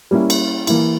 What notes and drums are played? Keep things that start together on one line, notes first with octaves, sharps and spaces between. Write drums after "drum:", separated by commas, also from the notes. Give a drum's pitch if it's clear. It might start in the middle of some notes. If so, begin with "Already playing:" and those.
G3 A#3 C#4 E4
drum: cymbal
E3 A#3 E4, drum: cymbal